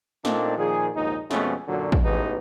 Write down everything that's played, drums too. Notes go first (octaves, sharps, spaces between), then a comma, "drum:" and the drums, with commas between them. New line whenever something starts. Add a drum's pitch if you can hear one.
A#2 A3 A#3 C4 D4 D#4, drum: snare
A#2 D#3 F3 G#4
A#1 D#2 G#2 D#4
F2 B2 G#3 A3 B3 C#4, drum: snare
F#2 A#2 D3 F#3
drum: kick
A1 G#2 B2 D#4 G#4 B4